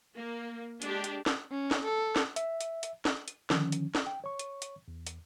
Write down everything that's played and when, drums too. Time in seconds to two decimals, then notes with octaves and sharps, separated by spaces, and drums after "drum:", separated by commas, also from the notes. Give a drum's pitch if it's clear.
0.16 A#3
0.82 G#3 D4 G4, drum: hi-hat
1.04 drum: hi-hat
1.26 drum: snare
1.52 C#4
1.71 drum: snare
1.85 A4
2.16 drum: snare
2.36 E5, drum: hi-hat
2.61 drum: hi-hat
2.83 drum: hi-hat
3.05 drum: snare
3.28 drum: hi-hat
3.50 D3 D#3 F3 C#4, drum: snare
3.72 drum: hi-hat
3.95 drum: snare
4.06 G5
4.24 C#5 C#6
4.39 drum: hi-hat
4.62 drum: hi-hat
4.88 E2
5.07 drum: hi-hat